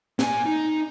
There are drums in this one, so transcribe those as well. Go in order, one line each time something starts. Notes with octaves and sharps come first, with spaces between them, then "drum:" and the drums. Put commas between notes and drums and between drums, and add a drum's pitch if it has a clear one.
A#2 G#5, drum: snare
D#4